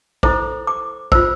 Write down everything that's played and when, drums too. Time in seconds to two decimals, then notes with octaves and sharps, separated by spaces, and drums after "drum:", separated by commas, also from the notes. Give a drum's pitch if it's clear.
0.23 E4 A4 C5 D6, drum: kick
0.67 D6
1.12 F4 C5 E6, drum: kick